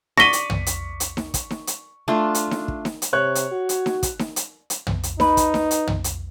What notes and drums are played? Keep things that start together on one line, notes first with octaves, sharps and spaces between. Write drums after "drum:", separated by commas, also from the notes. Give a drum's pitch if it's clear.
D5 C#6 A#6 B6 D#7 G7, drum: snare D#4
drum: hi-hat
drum: tom
drum: hi-hat
drum: hi-hat
drum: snare D#4
drum: kick, hi-hat
drum: snare D#4
drum: hi-hat
A3 D4 F4
drum: hi-hat
drum: snare D#4
drum: kick
drum: snare D#4
drum: hi-hat
C3 C#5 F#6
drum: hi-hat
F#4
drum: hi-hat
drum: snare D#4
drum: kick, hi-hat
drum: snare D#4
drum: hi-hat
drum: hi-hat
drum: tom
drum: hi-hat
D#4 B4, drum: snare D#4
drum: kick, hi-hat
drum: snare D#4
drum: hi-hat
drum: tom
drum: hi-hat